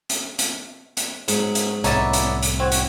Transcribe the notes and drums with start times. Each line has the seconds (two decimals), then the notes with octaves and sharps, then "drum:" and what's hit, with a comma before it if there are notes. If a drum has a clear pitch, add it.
0.09 drum: hi-hat
0.39 drum: hi-hat
0.97 drum: hi-hat
1.28 G#2 F#3, drum: hi-hat
1.55 drum: hi-hat
1.84 C2 A2 B3 D#4 C#5 D5 E5 A5, drum: hi-hat
2.13 drum: hi-hat
2.42 drum: hi-hat
2.60 C4 F#4 C#5
2.71 drum: hi-hat